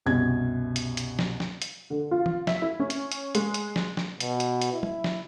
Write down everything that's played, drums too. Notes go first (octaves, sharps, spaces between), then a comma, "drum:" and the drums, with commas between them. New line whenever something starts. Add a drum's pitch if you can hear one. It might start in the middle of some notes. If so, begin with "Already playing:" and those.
C2 F#2 B2 G#6
drum: hi-hat
drum: hi-hat
drum: snare
drum: snare
drum: hi-hat
D3
F4
drum: tom
E5, drum: snare
E4
C#4
drum: hi-hat
drum: hi-hat
G#3, drum: hi-hat
drum: hi-hat
drum: snare
drum: snare
B2, drum: hi-hat
drum: hi-hat
drum: hi-hat
E4
drum: tom
drum: snare